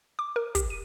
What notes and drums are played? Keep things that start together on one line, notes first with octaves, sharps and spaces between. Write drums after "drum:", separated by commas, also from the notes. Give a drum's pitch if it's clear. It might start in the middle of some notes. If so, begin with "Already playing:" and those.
D6
A#4
G4, drum: kick, hi-hat
D#7